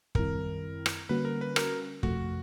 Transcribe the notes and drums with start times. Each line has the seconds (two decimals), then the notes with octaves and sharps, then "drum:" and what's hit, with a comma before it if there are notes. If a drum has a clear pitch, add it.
0.15 F#2 D#3 G3 C4 E4 A#4, drum: kick
0.86 drum: rim click
1.09 D3 G3 A#3 C#4 F#4 B4
1.25 A#4
1.41 B4
1.56 A#4, drum: rim click
2.03 F2 C3 F3 A3 F#4, drum: kick